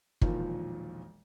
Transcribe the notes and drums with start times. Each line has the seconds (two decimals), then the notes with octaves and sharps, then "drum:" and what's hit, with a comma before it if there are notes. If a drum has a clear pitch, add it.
0.21 E1 A#1 A#2 D#3 F3, drum: kick